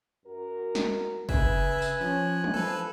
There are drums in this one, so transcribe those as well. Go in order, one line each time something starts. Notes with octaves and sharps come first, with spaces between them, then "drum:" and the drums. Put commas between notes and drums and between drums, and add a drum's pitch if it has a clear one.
F#2 F#4 A#4
drum: snare
C#3 B4 E5 G#5 E6 F#6, drum: kick
drum: tambourine
F3 C#4
drum: tom
D2 E3 F3 A4 B4